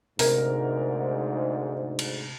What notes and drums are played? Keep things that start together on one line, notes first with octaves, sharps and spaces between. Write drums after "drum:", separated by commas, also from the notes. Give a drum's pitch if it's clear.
D2 G#2 C3 A#4, drum: open hi-hat
drum: cymbal